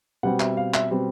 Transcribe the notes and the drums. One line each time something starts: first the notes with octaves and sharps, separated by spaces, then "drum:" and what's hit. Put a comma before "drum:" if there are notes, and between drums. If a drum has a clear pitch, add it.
B2 G3 C4 F#5
E5, drum: clap
F5
E5, drum: clap
B2 G3 C4